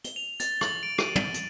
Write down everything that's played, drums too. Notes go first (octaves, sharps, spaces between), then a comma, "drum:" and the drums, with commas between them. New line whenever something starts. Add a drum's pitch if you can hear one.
G7, drum: hi-hat
F7
A6, drum: hi-hat
F#7, drum: rim click
D7
D#7, drum: rim click
drum: tom
drum: hi-hat